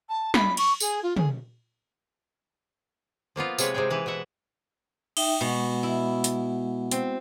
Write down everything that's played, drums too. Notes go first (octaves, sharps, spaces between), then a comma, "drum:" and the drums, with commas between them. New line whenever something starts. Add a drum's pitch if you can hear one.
A5
B5, drum: snare
C#6, drum: cymbal
G#4, drum: tambourine
F4
G#4, drum: tom
F3 A#3 B3 F4
C3 G#3 B4 C#5, drum: tambourine
C3 G#3 D#4 G#4 G5
E3 B4
B2 E3 E5 F#5
D#4 E5 G5, drum: cymbal
B2 G#3 F#5
E4
drum: hi-hat
C4, drum: hi-hat